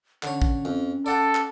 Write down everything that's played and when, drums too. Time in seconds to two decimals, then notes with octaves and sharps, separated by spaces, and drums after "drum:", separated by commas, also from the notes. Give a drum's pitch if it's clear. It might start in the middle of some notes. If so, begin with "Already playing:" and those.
0.23 D3 C#4 C#5, drum: clap
0.42 drum: kick
0.65 F2
1.06 A4 D5 F#5 G5
1.35 drum: clap